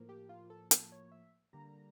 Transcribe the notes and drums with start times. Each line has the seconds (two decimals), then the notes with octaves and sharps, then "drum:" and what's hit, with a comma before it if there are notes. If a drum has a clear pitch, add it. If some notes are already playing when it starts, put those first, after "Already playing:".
Already playing: A2 F3 A#3
0.09 G4
0.29 F4
0.50 A4
0.71 A4, drum: hi-hat
0.92 C#5
1.12 E5
1.53 D3 G3 A#3 A#5